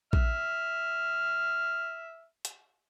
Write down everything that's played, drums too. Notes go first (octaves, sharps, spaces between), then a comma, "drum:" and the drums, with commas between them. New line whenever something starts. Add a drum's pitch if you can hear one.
E5 F6, drum: kick
drum: hi-hat